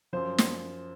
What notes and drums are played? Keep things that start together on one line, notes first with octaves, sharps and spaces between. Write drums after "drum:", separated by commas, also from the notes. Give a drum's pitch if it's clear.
F#2 F3 C5
drum: snare